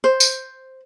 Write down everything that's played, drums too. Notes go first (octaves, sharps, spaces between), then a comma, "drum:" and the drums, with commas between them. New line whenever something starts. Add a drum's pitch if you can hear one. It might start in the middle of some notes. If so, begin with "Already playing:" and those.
C5
drum: tambourine